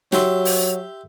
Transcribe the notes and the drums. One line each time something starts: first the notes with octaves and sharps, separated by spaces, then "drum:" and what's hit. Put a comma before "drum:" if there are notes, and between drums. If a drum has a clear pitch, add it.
F#3 G4 E5 C6, drum: snare
drum: open hi-hat